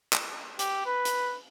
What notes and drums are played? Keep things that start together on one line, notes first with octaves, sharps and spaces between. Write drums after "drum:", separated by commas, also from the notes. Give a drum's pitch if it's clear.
drum: clap
G4, drum: hi-hat
B4
drum: hi-hat